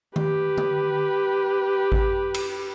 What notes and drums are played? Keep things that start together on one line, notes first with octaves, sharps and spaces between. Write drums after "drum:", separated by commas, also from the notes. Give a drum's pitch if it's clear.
G4 B4, drum: tom D#3
drum: tom D3
drum: kick G#1
drum: cymbal